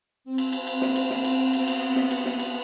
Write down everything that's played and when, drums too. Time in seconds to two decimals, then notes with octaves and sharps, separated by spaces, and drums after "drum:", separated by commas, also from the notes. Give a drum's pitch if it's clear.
0.24 C4
0.38 drum: cymbal
0.53 drum: cymbal
0.67 drum: cymbal
0.81 drum: snare
0.96 drum: cymbal
1.10 drum: snare
1.24 drum: cymbal
1.53 B3, drum: cymbal
1.68 drum: cymbal
1.96 B3, drum: snare
2.11 drum: cymbal
2.25 drum: snare
2.39 drum: cymbal